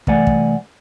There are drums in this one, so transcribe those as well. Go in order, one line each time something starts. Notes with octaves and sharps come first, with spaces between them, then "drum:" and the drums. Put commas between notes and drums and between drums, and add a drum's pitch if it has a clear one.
C2 E3 A3 D5 F#5 G#5, drum: kick
drum: kick